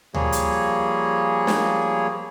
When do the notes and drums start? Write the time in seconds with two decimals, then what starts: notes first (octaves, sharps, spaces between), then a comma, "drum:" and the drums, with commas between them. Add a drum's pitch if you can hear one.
0.14 F3 G3 A#3 G#4 C#5, drum: tom D2
0.32 drum: hi-hat
1.47 drum: snare